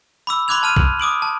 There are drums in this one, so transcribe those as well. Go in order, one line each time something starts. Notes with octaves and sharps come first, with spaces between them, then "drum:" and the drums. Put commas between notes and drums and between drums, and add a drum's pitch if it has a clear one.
B5 D6 E6
B5 C6 D6 F#6 G#6 F7
A5 F6 D#7 F7
F#7, drum: kick
D6 D#6 D7 F#7
A5